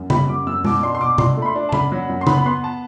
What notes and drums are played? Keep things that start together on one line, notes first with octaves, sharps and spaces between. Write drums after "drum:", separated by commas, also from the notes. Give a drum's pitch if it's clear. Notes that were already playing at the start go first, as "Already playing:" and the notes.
Already playing: F#2
G3 B5, drum: tom C#3
F#2 D6
F#2 E6
B2 D6, drum: tom G#3
D4 C6
C6
B2 D6
D4 C6, drum: tom C3
A3 B5
C6
D4
A5
F#2 B5, drum: tom C#3
F#3
F#2
C6
B3 B5, drum: tom C#3
B5
B3 C6
A5